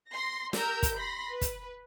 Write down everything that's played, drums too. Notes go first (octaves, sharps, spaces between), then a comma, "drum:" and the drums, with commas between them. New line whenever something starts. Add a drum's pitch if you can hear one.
C6 A#6
G4 A#4 E6 G6, drum: snare
drum: kick, hi-hat
B5 C6 A#6
B4
drum: kick, hi-hat